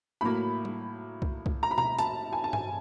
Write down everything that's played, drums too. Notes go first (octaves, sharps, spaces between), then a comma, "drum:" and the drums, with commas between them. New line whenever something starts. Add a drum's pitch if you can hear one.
A2 F#3 A#3 B5
drum: tom G3
drum: kick C2
drum: kick C2
A#5
B5
A#5, drum: tom B2
A5, drum: hi-hat
G#5
A5
G#5, drum: tom G2